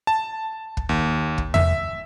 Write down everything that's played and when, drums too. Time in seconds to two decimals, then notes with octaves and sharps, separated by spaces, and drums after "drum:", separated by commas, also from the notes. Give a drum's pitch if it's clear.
0.07 A5
0.77 drum: kick
0.89 D#2
1.38 drum: kick
1.54 E5, drum: tom E2